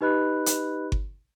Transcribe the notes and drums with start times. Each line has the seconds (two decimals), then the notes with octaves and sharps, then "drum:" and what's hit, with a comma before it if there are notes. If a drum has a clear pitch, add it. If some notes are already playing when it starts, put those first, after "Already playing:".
0.01 D#4 G4 B4 D#5 B5 F#6
0.46 drum: hi-hat
0.92 drum: kick G1